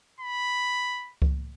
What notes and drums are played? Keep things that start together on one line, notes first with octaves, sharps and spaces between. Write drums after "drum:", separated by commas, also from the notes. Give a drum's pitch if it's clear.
B5
drum: kick C#2